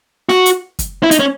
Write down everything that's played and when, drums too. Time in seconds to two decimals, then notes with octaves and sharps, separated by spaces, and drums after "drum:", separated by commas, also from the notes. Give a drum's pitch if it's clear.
0.29 F#4, drum: snare
0.46 drum: hi-hat
0.79 drum: kick, hi-hat
1.03 E4
1.11 D#4, drum: hi-hat
1.19 C#4